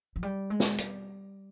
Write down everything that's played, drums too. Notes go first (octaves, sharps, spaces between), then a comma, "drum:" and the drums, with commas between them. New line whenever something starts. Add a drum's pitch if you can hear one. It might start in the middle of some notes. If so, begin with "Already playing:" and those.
F3
G3
G#3
drum: snare
G3, drum: hi-hat